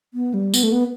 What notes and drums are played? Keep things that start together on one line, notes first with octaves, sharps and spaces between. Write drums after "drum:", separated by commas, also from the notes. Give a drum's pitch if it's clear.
B3
G3
B3, drum: tambourine
A3
B3